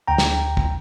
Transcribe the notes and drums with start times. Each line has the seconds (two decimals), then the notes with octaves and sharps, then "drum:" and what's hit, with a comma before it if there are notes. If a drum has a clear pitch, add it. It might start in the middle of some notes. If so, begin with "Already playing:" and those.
0.07 D2 G5 A#5
0.18 drum: snare
0.57 drum: kick